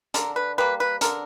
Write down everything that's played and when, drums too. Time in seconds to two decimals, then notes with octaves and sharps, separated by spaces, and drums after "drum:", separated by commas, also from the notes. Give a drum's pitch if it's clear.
0.14 D3 A#4, drum: hi-hat
0.36 B4
0.58 G3 A#3 B4
0.80 B4
1.01 D3 A#4, drum: hi-hat